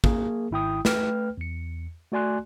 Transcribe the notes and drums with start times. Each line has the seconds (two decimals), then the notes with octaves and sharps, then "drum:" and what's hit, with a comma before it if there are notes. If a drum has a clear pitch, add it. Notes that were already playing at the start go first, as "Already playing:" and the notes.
0.04 A#3 G#4 A#4, drum: kick
0.51 G#1 E4 G5 D#6
0.85 A3 B4 G5 F6, drum: snare
1.37 E2 C#7
2.12 A3 F#4 D5 G#5 C6 F#6